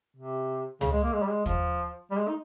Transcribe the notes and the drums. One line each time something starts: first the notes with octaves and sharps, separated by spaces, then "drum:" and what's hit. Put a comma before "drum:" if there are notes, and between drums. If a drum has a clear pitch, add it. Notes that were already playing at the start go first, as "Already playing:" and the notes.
C3
C#3, drum: tom C#2
G#3
A#3
G#3
G3
G#3
F3, drum: kick
G3
G#3
D#4